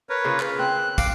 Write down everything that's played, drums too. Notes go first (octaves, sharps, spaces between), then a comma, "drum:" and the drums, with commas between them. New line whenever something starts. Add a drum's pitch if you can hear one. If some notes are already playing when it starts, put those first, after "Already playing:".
A#4 B4 C#5
C#3 A#3 F4
B4, drum: clap
C4 F#6
F5 D6, drum: kick, tambourine